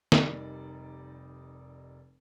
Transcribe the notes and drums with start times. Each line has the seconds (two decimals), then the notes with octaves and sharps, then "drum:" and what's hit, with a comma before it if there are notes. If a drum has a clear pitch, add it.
0.12 F1 G3 D#4 A#4 D5 A#5, drum: snare